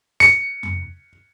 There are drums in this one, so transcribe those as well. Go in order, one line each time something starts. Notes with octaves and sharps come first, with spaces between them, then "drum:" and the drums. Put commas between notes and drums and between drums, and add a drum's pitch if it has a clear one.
C#7, drum: hi-hat
drum: tom F2